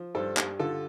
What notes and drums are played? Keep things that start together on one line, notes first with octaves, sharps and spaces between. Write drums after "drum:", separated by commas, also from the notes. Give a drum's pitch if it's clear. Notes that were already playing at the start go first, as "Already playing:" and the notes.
Already playing: F3
G2 A4 C5
G2, drum: clap
D3 F4 A4